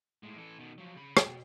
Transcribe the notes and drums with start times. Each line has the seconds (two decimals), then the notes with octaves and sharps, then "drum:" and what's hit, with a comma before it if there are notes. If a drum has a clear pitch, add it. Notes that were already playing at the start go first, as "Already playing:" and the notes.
0.23 A2 G#3
0.38 E3 A4
0.59 B2 D#3
0.78 F3 F#3
0.96 C#3 B5
1.17 B1 B2, drum: rim click